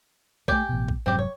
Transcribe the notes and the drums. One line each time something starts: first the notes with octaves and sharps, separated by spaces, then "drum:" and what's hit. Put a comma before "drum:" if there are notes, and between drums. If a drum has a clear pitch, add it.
A3 A#3 G4 G5 G#5, drum: kick A#1
A1 B2
drum: kick A#1
F1 G#2 F#3 C4 G4
C#5